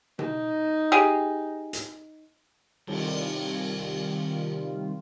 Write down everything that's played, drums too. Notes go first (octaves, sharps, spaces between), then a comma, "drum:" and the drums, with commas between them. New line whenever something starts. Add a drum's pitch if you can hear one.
D#4, drum: tom B2
G4 G#4
drum: hi-hat
C3 D#3 G3 F4, drum: cymbal